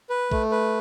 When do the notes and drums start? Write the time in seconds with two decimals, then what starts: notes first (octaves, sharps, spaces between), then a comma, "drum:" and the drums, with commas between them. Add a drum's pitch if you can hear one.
0.10 B4
0.31 A3, drum: kick
0.51 B4